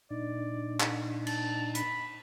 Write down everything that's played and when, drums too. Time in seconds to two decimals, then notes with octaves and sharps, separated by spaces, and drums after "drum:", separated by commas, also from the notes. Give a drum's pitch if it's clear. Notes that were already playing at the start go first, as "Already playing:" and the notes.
0.10 A#2 D4 D#4 D5
0.80 drum: clap
1.27 A5, drum: cymbal
1.75 B5, drum: hi-hat